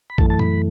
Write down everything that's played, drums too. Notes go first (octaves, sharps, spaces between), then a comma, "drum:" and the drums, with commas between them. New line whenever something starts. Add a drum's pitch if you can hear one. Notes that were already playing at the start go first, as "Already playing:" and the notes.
B5
F#2 E3 A3 A5, drum: kick A1
A5
B5, drum: tom A#2